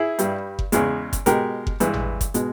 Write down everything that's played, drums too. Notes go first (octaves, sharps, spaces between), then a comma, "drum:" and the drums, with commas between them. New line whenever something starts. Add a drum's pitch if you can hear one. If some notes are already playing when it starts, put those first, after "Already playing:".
Already playing: E4 G#4
G2 G3, drum: hi-hat
drum: kick F#1
E2 C#3 G#3, drum: hi-hat
drum: kick F#1, hi-hat
B2 G#3 G4 A#4, drum: hi-hat
drum: kick F#1
G2 E3 G#3, drum: hi-hat
drum: tom G#1
drum: kick F#1, hi-hat
B2 G#3, drum: hi-hat